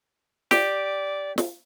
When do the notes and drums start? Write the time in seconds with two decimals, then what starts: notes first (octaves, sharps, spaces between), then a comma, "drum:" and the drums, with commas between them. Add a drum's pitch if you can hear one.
0.51 G4 D5, drum: snare
1.38 drum: snare